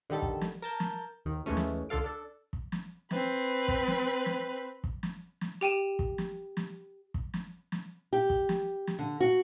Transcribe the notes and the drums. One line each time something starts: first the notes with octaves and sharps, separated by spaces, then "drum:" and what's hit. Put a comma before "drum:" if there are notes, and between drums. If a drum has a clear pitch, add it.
D3 D#3 G3 A4
drum: kick
drum: snare
A#4 A5 G6
drum: snare
D#2 D#3
D#2 E3 G#3 A3 C#4
drum: snare
C#2 D3 F4 A4 F5 D7
D4 A4
drum: kick
drum: snare
C4 B4, drum: snare
drum: kick
drum: snare
drum: snare
drum: kick
drum: snare
drum: snare
G4 G5 D#7 E7
drum: kick
drum: snare
drum: snare
drum: kick
drum: snare
drum: snare
G4
drum: kick
drum: snare
drum: snare
D3
F#4